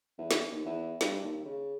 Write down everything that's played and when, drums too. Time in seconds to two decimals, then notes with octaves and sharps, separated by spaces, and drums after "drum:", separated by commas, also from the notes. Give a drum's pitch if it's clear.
0.18 E2
0.31 drum: snare
0.51 D#2
0.65 E2
1.01 G2, drum: snare
1.23 D#2
1.45 C#3